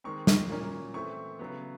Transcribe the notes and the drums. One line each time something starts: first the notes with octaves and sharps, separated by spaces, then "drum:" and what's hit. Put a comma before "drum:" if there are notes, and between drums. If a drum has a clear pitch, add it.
D#3 G#3 C4 C#6
drum: snare
A#2 F#3 A#3 C#4
E3 A3 C4 C#6
C#3 F#3 B3